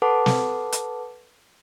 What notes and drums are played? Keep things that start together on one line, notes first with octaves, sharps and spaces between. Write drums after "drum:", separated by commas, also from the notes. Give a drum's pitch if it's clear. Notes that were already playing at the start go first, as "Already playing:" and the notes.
A4 B4 F#5 A5 D6
drum: snare
drum: hi-hat